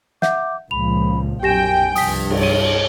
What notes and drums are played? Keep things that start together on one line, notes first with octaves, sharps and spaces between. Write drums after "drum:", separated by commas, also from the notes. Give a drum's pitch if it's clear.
E5 F#5 D6 G6, drum: snare
C#2 A#2 F3 B5 F7
B1 F#2 G4 G5 G#5 A#6 E7
C2 G2 F3 D#6 B6, drum: open hi-hat
drum: cymbal
G#4 C#5 D#7